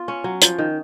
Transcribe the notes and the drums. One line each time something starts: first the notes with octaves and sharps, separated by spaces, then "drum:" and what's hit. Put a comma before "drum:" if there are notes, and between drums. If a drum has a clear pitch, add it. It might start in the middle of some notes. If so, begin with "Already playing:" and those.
Already playing: B3 F4
C#4
F#3
F3, drum: hi-hat
D#3